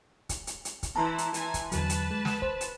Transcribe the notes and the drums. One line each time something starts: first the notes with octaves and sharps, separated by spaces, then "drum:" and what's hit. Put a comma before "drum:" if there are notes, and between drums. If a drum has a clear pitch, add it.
drum: kick, hi-hat
drum: hi-hat
drum: hi-hat
drum: kick, hi-hat
E3 E4 A5 A#5 C6
drum: hi-hat
E3 G#5, drum: hi-hat
drum: kick, hi-hat
E2 D3 F#3 B4 A5, drum: hi-hat
drum: hi-hat
G#3
drum: snare
C5, drum: kick
drum: hi-hat